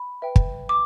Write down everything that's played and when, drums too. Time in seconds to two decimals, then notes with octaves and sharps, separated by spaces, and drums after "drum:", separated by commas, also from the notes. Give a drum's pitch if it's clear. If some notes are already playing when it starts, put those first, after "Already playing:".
Already playing: B5
0.22 B4 E5 G5
0.36 drum: kick
0.69 D6